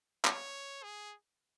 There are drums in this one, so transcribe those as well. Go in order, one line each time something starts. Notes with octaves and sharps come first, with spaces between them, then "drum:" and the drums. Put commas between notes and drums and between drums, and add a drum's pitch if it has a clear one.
C#5, drum: clap
G#4